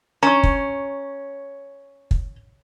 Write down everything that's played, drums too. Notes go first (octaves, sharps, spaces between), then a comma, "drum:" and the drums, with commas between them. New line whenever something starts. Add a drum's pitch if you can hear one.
C#4 A#5 C#6
drum: kick
drum: kick